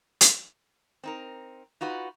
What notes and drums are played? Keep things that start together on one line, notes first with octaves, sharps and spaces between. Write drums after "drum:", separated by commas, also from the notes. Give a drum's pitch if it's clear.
drum: hi-hat
C4 D#4 A#4
D#4 F4 F#4 B4